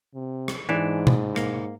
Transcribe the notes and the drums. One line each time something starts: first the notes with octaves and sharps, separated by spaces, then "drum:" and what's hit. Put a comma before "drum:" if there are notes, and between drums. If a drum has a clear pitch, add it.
C3
drum: rim click
G#2 E3 D4
drum: tom B2
A#3, drum: rim click